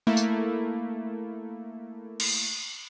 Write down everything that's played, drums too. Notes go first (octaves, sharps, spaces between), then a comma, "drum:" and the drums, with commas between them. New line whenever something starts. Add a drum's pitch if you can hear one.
A3 A#3 E4
drum: tambourine
drum: cymbal